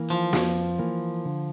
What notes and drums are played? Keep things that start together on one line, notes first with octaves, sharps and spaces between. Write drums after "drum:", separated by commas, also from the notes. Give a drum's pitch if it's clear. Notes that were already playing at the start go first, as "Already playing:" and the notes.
Already playing: E3 A#3
F3
F2, drum: snare
E3 A#3
D3